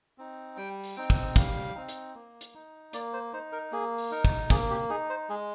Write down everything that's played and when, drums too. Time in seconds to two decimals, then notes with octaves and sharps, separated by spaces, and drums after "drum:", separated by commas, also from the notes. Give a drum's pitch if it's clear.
0.18 C4 D#4
0.57 G3 G5
0.84 drum: open hi-hat
0.96 C4 D#4 G5
1.10 drum: kick
1.36 G3 F5, drum: kick, hi-hat
1.75 C4 D#4
1.89 drum: hi-hat
2.15 A#3
2.41 drum: hi-hat
2.54 D#4
2.93 A#3 D5, drum: hi-hat
3.13 C5
3.33 D#4 C5
3.52 A#4
3.72 A#3 G#4
3.98 drum: open hi-hat
4.11 D#4 A#4
4.25 drum: kick
4.50 A#3 G#4, drum: kick, hi-hat
4.70 G4
4.90 D#4 G#4
5.10 C5
5.29 G#3 G#4